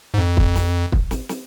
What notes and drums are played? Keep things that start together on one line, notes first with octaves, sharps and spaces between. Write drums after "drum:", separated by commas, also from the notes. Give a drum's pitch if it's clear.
G#2
F2
drum: kick
drum: snare
drum: kick
drum: snare
drum: snare